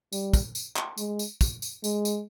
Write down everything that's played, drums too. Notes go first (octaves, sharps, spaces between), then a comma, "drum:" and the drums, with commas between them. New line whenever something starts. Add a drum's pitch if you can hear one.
G3, drum: tambourine
drum: kick, tambourine
drum: tambourine
drum: clap
G#3, drum: tambourine
drum: tambourine
drum: kick, tambourine
drum: tambourine
G#3, drum: tambourine
drum: tambourine